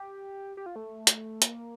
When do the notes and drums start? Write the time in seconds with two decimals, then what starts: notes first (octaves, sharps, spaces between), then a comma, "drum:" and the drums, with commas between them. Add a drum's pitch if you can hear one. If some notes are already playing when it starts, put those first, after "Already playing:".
Already playing: G4
0.57 G4
0.66 F4
0.76 A3
1.07 drum: hi-hat
1.42 A#3, drum: hi-hat